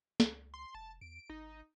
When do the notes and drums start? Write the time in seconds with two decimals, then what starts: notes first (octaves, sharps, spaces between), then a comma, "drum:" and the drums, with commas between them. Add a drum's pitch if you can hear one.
0.20 C#2, drum: snare
0.54 C6
0.75 F1 A5
1.01 E2 D7
1.30 G#1 D#4